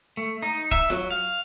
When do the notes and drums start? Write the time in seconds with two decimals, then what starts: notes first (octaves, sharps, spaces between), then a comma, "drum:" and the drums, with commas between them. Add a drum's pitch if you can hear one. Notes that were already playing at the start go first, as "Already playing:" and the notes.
0.17 A3
0.42 D#4
0.71 E5, drum: kick
0.90 F#3, drum: snare F4
1.11 F5